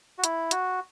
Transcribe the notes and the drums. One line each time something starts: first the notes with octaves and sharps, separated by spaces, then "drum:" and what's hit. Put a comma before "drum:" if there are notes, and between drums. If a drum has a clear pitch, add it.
F#4
E4, drum: hi-hat
F#4, drum: hi-hat